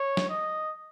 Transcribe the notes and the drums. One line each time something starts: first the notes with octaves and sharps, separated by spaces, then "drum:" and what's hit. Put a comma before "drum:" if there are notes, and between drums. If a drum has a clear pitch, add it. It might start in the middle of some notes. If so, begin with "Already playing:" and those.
Already playing: C#5
drum: snare
D#5